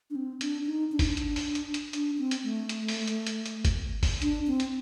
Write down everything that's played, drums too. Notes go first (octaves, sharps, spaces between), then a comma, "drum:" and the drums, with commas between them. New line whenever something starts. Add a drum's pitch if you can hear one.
D4
C4
D4, drum: hi-hat
D#4
D4
D#4, drum: kick G1, open hi-hat
D4
drum: hi-hat
drum: open hi-hat
drum: hi-hat
drum: hi-hat
D4, drum: hi-hat
C4
drum: hi-hat
A3
drum: hi-hat
drum: open hi-hat
drum: hi-hat
drum: hi-hat
drum: hi-hat
drum: kick G1, hi-hat
drum: kick G1, open hi-hat
D4, drum: hi-hat
C4
drum: hi-hat